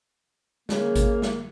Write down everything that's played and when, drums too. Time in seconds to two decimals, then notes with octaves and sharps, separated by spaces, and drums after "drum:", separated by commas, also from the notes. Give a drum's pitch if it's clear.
0.69 C#3 A#3, drum: snare
0.96 drum: kick G#1, hi-hat
1.22 drum: snare